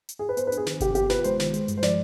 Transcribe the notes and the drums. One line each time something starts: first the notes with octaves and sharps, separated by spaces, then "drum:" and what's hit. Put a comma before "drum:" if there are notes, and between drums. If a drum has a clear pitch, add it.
drum: hi-hat
G#4
B4
B3 C5, drum: hi-hat
B4
D4, drum: hi-hat
G#4
D#3, drum: snare
C3 G4, drum: kick G1, hi-hat
B3 G4, drum: hi-hat
F4 B4, drum: snare
G#3 C5, drum: hi-hat
D#3, drum: snare
G#3, drum: hi-hat
G2, drum: hi-hat
C5
F3 D5, drum: snare